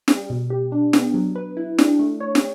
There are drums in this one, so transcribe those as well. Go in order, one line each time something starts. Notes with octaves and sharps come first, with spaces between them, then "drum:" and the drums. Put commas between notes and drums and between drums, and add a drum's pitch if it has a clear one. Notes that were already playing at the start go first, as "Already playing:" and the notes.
G3, drum: snare
B2
G4
D4
B3, drum: snare
F#3
B4
E4
D4, drum: snare
A3
C#5
drum: snare